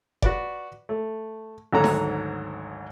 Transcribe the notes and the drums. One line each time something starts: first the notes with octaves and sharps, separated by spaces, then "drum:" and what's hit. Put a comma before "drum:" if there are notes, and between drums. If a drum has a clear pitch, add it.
F#4 B4 D5, drum: kick F1
A3
G#1 D2 G#2 F#3 A4 A#5
drum: snare D#4